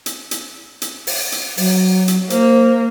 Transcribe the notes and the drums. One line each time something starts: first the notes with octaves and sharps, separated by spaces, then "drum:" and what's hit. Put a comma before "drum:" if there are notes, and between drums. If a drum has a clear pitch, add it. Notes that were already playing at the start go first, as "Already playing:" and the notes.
drum: hi-hat
drum: hi-hat
drum: hi-hat
drum: open hi-hat
drum: hi-hat
F#3, drum: open hi-hat
drum: hi-hat
A#3 C5, drum: hi-hat